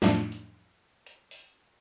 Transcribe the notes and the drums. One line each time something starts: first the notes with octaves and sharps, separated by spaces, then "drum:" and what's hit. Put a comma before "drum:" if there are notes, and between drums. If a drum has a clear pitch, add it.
F2 A2 F3 A3 D4, drum: snare
drum: hi-hat
drum: hi-hat
drum: open hi-hat